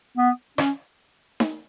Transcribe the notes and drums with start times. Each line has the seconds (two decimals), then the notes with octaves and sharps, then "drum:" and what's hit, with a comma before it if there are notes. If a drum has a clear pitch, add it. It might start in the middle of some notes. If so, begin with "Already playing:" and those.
0.18 B3
0.58 C#4, drum: rim click
1.40 drum: snare D#4